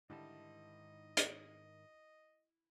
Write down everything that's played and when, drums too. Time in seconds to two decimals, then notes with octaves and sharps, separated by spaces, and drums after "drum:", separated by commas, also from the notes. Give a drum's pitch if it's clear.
0.10 G#2 D3 D#3 G3 E4 D#5 A5
1.17 drum: hi-hat